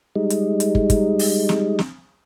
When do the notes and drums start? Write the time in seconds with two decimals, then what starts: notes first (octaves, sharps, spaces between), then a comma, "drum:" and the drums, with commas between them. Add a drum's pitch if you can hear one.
0.15 G3 G#3 D#4
0.30 drum: hi-hat
0.60 drum: hi-hat
0.75 drum: kick
0.90 drum: kick, hi-hat
1.19 drum: open hi-hat
1.49 drum: snare
1.79 drum: snare